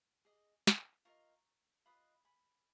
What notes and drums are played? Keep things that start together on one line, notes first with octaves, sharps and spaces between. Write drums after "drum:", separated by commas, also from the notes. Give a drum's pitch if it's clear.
G#4 D#5
drum: snare
F4 A#4 D#5 A#5 C#6
F4 B4 D#5 B5 D#6
G#5 B5